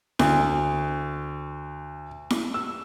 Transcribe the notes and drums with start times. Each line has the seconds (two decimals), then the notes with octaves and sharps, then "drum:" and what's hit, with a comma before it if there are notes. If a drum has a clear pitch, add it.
0.19 D2, drum: snare E4
2.30 drum: snare E4
2.54 E6